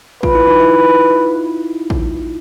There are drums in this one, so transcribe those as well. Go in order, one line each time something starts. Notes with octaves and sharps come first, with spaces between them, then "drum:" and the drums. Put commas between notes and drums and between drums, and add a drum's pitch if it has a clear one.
F4 B4, drum: kick A1
E4
D#4
E4
drum: kick A1